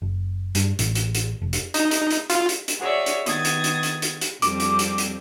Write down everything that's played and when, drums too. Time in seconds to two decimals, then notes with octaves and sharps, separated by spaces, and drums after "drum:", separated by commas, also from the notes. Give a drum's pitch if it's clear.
0.02 F#1
0.55 G2, drum: hi-hat
0.79 A1, drum: hi-hat
0.95 drum: hi-hat
1.15 drum: hi-hat
1.42 F1
1.53 drum: hi-hat
1.74 D#4, drum: hi-hat
1.91 drum: hi-hat
2.10 drum: hi-hat
2.30 F4, drum: hi-hat
2.49 drum: hi-hat
2.68 drum: hi-hat
2.80 F#4 G#4 C#5 D5 E5
3.06 drum: hi-hat
3.26 D#3 B3 D#6 G#6 A6, drum: hi-hat
3.45 drum: hi-hat
3.64 drum: hi-hat
3.83 drum: hi-hat
4.02 drum: hi-hat
4.21 drum: hi-hat
4.42 F2 G3 C4 D6, drum: hi-hat
4.60 drum: hi-hat
4.79 drum: hi-hat
4.98 drum: hi-hat